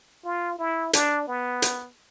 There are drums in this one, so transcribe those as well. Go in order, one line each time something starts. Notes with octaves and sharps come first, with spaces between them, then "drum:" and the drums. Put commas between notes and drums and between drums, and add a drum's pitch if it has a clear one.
F4
E4
D4, drum: hi-hat
B3
drum: hi-hat